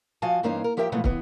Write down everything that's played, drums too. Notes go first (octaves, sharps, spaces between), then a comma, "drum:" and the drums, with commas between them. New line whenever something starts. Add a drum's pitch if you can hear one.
F3 F#4 D#5 F5 G#5 A5
G2 E3 A#3 C#4 D#4 C5
A#4
F3 G4 A#4 E5 G5
A#2 E3 F3 G#3 A3 B3
D#2 E3 B3, drum: kick